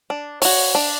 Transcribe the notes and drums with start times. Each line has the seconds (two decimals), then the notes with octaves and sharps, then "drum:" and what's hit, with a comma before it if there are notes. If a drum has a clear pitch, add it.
0.10 D4
0.42 F#4 C#5, drum: open hi-hat
0.75 D4